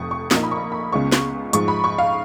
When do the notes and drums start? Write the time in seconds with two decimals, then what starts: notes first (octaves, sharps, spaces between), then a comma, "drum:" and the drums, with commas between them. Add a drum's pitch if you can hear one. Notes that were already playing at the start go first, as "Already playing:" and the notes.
Already playing: F1 F2 F3 C#6 D#6
0.11 C#6
0.31 A#1 A#2 F3 A#3 D#4 D#6, drum: snare
0.43 B5
0.51 C#6
0.72 B5
0.92 C#2 C#3 G#3 B3 F4 C#6
1.12 drum: snare
1.53 G#2 F3 G#3 C#6, drum: hi-hat
1.68 B5
1.84 C#6
1.98 F5